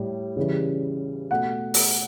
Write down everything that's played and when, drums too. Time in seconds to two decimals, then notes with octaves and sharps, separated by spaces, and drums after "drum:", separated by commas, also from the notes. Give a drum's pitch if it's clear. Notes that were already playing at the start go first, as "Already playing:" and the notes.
Already playing: A2 G3
0.36 C#3 E3 G3
1.31 B2 A3 F#5
1.74 drum: open hi-hat